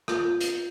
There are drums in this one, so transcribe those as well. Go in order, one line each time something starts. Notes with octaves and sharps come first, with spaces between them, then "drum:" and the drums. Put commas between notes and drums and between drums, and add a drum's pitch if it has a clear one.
F4 G6, drum: rim click
drum: hi-hat